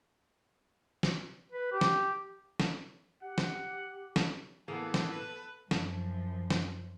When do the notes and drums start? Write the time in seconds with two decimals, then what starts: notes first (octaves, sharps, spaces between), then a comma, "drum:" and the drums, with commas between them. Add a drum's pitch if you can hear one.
1.03 drum: snare
1.52 B4
1.72 G4
1.81 drum: snare
2.60 drum: snare
3.22 G4 F#5
3.38 drum: snare
4.16 drum: snare
4.68 A2 E3 A#3 B3 E4 G#4 A4
4.94 drum: snare
5.10 B4
5.71 F#2 F3, drum: snare
6.50 drum: snare